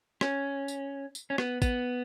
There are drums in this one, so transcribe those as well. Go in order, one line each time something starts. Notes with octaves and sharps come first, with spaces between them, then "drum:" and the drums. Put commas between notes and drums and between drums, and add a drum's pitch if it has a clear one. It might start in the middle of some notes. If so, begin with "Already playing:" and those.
C#4, drum: rim click
drum: tambourine
drum: tambourine
C#4
B3, drum: rim click
B3, drum: kick, tambourine